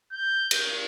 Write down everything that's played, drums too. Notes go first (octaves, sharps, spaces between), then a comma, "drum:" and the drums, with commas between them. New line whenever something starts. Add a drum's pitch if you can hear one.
G6
drum: cymbal